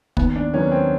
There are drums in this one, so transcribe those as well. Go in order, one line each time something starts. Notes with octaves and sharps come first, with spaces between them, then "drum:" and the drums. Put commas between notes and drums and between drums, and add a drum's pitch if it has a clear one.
D#2 B3, drum: kick
D4
D#3 F#3 B3 C#4
C4